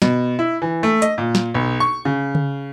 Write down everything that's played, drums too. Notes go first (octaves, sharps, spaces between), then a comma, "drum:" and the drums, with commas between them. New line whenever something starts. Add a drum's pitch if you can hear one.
B2, drum: snare
E4
E3
A3
D#5, drum: hi-hat
A#2
drum: snare
B1
C#6
C#3
drum: tom C#3